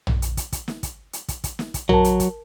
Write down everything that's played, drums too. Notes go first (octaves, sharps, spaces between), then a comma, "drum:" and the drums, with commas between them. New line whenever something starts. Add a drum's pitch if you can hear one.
drum: tom A#1
drum: hi-hat
drum: kick, hi-hat
drum: kick, hi-hat
drum: snare
drum: kick, hi-hat
drum: hi-hat
drum: kick, hi-hat
drum: kick, hi-hat
drum: snare
drum: kick, hi-hat
F#3 A#4 A5, drum: tom A#1
drum: hi-hat
drum: kick, hi-hat